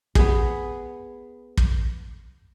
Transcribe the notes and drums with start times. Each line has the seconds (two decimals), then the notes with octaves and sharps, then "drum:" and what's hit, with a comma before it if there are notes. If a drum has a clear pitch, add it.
0.15 B3 G#4, drum: kick
1.57 drum: kick